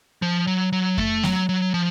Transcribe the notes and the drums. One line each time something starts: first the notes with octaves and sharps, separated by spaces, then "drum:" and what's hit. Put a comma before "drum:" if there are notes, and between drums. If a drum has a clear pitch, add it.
F3
F#3
F#3
A3, drum: kick F2
F#3, drum: snare A3
F#3
F3